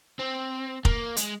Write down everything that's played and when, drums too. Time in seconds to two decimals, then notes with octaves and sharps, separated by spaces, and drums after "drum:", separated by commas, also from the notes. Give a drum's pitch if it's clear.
0.19 C4
0.85 A#3, drum: kick F1
1.16 G#3, drum: hi-hat